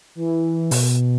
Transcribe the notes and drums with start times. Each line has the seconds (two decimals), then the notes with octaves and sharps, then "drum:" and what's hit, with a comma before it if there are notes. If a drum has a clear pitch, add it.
0.15 E3
0.71 B2, drum: open hi-hat